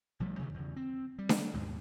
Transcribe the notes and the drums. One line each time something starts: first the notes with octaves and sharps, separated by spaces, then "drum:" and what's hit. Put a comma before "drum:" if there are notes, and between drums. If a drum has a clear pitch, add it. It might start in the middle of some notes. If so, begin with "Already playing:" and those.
B1 F3 G3 A3
C3 D#3 E3 G3
E2 C#3
C4
G3
drum: snare D4
D#2 G#2 B2